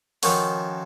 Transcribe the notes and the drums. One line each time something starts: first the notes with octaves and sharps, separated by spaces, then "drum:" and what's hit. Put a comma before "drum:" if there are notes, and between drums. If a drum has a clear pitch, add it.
D#3 F3 C#4 F#4 A4, drum: open hi-hat